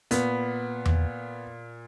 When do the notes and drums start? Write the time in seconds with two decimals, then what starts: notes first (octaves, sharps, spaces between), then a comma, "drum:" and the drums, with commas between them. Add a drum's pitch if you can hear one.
0.11 A#2 B3, drum: hi-hat
0.86 drum: tom E2